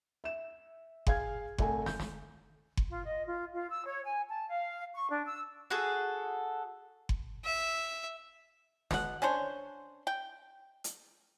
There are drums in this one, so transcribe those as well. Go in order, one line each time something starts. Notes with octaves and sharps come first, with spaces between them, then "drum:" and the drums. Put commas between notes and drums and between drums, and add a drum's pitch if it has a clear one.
E5 E7
G#4 F5 G#6, drum: kick F#1
C2 A3 G#5, drum: kick F#1
G6, drum: snare
drum: snare
drum: kick F#1
F4
D#5
F4
F4
E6
C#5
G#5
A5
F5
C#6
D4
E6
F#4 G#4 A4
drum: kick F#1
E5
B2 F#5, drum: snare
C#4 D4 C5 C#5
G5
drum: hi-hat